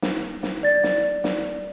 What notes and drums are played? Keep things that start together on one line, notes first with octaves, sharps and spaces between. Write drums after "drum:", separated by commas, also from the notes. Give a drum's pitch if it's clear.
drum: snare
drum: snare
D5 A6
drum: snare
drum: snare